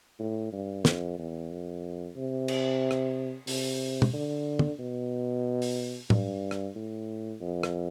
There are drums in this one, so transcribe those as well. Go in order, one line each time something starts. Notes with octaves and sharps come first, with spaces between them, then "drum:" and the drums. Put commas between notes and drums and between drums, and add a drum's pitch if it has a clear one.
A2
G2
F2, drum: snare
E2
F2
C3
drum: cymbal
drum: rim click
C3, drum: open hi-hat
drum: tom
D3
drum: tom
B2
drum: open hi-hat
G2, drum: tom
drum: rim click
A2
F2
drum: rim click